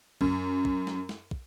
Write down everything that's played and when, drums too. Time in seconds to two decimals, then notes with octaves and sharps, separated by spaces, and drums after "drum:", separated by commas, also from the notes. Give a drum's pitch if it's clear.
0.21 F#2, drum: kick
0.65 drum: kick
0.87 drum: snare
1.09 drum: snare
1.31 drum: kick